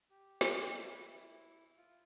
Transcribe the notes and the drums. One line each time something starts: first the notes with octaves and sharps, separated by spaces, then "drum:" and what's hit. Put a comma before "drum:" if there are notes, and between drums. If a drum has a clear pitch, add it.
G4
drum: snare
B4
E4
F4